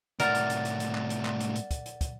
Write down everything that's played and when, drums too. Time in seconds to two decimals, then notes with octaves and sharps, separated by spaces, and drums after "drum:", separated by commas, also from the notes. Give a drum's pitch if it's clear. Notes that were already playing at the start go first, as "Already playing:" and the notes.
0.20 A2 C3 A#4 D5 F#5 A6, drum: hi-hat
0.35 drum: hi-hat
0.50 drum: hi-hat
0.65 drum: hi-hat
0.80 drum: hi-hat
0.95 drum: clap
1.10 drum: hi-hat
1.25 drum: clap
1.40 drum: hi-hat
1.56 drum: hi-hat
1.71 drum: kick, hi-hat
1.86 drum: hi-hat
2.01 drum: kick, hi-hat